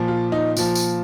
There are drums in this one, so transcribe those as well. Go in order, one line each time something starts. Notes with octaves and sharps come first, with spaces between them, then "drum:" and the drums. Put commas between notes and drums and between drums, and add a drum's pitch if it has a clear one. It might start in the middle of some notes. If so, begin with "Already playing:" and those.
Already playing: A#2 F3
F4
D#4
A#2 F3, drum: tambourine
drum: tambourine